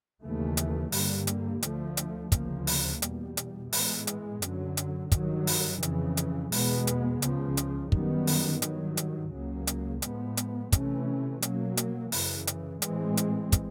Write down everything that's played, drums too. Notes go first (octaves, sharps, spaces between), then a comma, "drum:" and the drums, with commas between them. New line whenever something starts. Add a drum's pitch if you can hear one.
D#2 C#3 E3 A3
drum: hi-hat
G2 D3 G3 A#3, drum: open hi-hat
drum: hi-hat
D2 D3 F3 A3, drum: hi-hat
drum: hi-hat
D2 C#3 F3 A#3, drum: kick, hi-hat
drum: open hi-hat
E2 B2 G3, drum: hi-hat
drum: hi-hat
A2 E3 G#3 B3, drum: open hi-hat
drum: hi-hat
F#2 D3 F#3, drum: hi-hat
drum: hi-hat
G2 D#3 F#3, drum: kick, hi-hat
drum: open hi-hat
F2 C#3 E3, drum: hi-hat
drum: hi-hat
E2 B2 G#3 B3, drum: open hi-hat
drum: hi-hat
C#2 C#3 F3, drum: hi-hat
drum: hi-hat
F#2 D#3 G3 B3, drum: kick
drum: open hi-hat
G2 D#3 F#3, drum: hi-hat
drum: hi-hat
C#2 C#3 F#3 A#3
drum: hi-hat
A2 F3 G#3 B3, drum: hi-hat
drum: hi-hat
C3 E3 A3 C#4, drum: kick, hi-hat
B2 F#3 A#3, drum: hi-hat
drum: hi-hat
F#2 C#3 E3, drum: open hi-hat
drum: hi-hat
A2 E3 G#3 C4, drum: hi-hat
drum: hi-hat
drum: kick, hi-hat